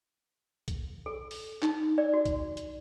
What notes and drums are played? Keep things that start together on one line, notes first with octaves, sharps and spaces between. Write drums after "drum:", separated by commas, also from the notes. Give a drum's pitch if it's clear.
drum: kick B1, hi-hat
A4
drum: open hi-hat
D#4, drum: clap
D5
F#4
drum: kick B1, hi-hat
drum: hi-hat